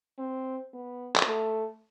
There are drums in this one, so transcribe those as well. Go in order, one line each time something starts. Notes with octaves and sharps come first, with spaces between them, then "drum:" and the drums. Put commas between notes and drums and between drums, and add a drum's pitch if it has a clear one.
C4
B3
drum: clap
A3